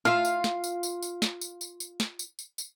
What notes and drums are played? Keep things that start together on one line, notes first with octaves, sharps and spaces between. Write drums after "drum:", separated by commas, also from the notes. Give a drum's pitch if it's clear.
F4 E5 F5
drum: tambourine
drum: snare
drum: tambourine
drum: tambourine
drum: tambourine
drum: snare
drum: tambourine
drum: tambourine
drum: tambourine
drum: snare
drum: tambourine
drum: tambourine
drum: tambourine